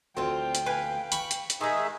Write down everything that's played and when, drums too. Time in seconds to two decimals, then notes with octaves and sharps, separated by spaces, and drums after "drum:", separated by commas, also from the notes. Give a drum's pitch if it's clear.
0.17 D2 C4 F4 G5
0.55 drum: hi-hat
0.66 B4 F5 G#5
1.12 B5 C#6, drum: hi-hat
1.31 drum: hi-hat
1.50 drum: hi-hat
1.61 D#3 G#3 D#4 G#4 E5